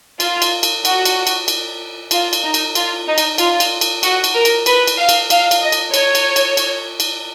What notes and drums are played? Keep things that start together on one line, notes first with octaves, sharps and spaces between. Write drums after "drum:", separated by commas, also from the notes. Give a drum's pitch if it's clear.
F4, drum: cymbal
drum: cymbal
drum: cymbal
F#4, drum: cymbal
drum: cymbal
drum: cymbal
drum: cymbal
F4, drum: cymbal
drum: cymbal
D#4
drum: cymbal
F4, drum: cymbal
D#4
drum: cymbal
F4, drum: cymbal
drum: cymbal
drum: cymbal
F#4, drum: cymbal
drum: cymbal
A#4
drum: cymbal
B4, drum: cymbal
drum: cymbal
F5
drum: cymbal
F5, drum: cymbal
drum: cymbal
D#5
drum: cymbal
C#5, drum: cymbal
drum: cymbal
drum: cymbal
drum: cymbal
drum: cymbal